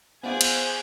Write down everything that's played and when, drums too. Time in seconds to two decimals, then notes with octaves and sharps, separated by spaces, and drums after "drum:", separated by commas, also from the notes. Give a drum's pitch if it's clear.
0.23 B3 F4 G#4 C5 D5 G#5
0.41 drum: cymbal